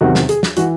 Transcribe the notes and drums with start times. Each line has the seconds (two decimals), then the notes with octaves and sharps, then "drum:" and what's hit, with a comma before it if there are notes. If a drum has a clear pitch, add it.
0.01 E2 C3 D#3 F#3 F#4
0.15 drum: snare
0.29 G#4, drum: hi-hat
0.43 drum: snare
0.57 E3 F#4, drum: hi-hat